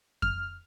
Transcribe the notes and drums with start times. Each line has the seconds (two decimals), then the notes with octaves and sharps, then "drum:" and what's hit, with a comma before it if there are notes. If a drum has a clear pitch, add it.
0.22 F6, drum: kick F2